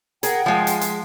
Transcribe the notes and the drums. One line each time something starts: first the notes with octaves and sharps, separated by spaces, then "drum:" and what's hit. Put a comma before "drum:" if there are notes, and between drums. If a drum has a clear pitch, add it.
G#4 A#4 F#5 G5, drum: hi-hat
F3 G#3
drum: hi-hat
drum: hi-hat